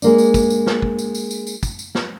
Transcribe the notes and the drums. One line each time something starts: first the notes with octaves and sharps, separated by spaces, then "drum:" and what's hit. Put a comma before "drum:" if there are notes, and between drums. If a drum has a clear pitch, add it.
G#3 A#3 D4, drum: tambourine
drum: tambourine
drum: kick, tambourine
drum: tambourine
drum: snare
drum: kick
drum: tambourine
drum: tambourine
drum: tambourine
drum: tambourine
drum: kick, tambourine
drum: tambourine
drum: snare